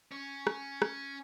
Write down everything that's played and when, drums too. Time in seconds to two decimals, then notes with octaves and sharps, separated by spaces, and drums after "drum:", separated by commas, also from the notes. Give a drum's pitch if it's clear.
0.12 C#4
0.47 drum: rim click
0.82 drum: rim click